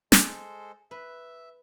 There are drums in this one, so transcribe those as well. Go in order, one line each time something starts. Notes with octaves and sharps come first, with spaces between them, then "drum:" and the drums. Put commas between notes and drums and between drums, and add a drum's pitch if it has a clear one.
G#3 A4 C5, drum: snare
B4 E5